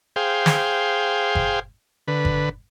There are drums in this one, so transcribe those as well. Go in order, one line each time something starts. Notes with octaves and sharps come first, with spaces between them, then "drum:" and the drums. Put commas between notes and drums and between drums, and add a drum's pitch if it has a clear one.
G#4 C5 F5 G5
drum: snare
drum: kick G1
D3 B4
drum: kick G1